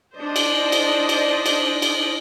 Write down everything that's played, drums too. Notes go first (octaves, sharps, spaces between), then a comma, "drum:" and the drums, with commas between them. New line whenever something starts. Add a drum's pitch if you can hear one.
D4 C5 D5 D#5
drum: cymbal
drum: cymbal
drum: cymbal
drum: cymbal
drum: cymbal